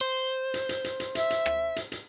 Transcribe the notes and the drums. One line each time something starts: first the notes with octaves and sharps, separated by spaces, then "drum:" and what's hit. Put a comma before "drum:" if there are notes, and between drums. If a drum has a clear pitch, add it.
C5
drum: hi-hat
drum: hi-hat
drum: hi-hat
drum: hi-hat
E5, drum: hi-hat
drum: hi-hat
drum: rim click
drum: hi-hat
drum: hi-hat